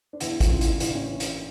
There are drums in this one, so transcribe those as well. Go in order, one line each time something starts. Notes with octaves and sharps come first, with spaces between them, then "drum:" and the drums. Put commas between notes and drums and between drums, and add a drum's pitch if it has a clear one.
D4
E2 E4, drum: hi-hat
F4, drum: kick, hi-hat
C#3 E3
E4, drum: hi-hat
E4
A1 D4, drum: hi-hat
C#4
drum: hi-hat